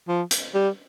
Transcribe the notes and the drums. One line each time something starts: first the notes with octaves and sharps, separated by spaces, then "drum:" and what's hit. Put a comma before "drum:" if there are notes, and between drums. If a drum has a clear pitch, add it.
F3
drum: hi-hat
G3